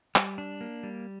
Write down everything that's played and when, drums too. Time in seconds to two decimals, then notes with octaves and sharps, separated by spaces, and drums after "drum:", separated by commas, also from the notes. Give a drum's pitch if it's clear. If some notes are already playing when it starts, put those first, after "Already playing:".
0.16 G3, drum: clap
0.38 D4
0.61 A#3
0.83 G3